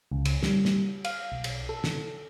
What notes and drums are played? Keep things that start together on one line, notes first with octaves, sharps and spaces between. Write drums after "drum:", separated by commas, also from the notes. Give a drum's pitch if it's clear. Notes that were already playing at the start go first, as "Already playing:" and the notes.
C#2
drum: cymbal
G3, drum: snare
drum: snare
F5, drum: cymbal
B1
drum: cymbal
A4
drum: snare